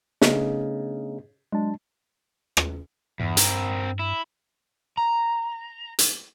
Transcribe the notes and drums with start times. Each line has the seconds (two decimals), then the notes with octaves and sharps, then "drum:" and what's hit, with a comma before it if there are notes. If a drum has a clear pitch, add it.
0.22 C#3 A3 B3 D4 D#4, drum: snare
1.52 F#3 G#3 D4 A5
2.57 drum: rim click
3.20 E2 G2
3.37 C4 A#4, drum: hi-hat
3.99 E4
4.97 A#5
5.99 drum: hi-hat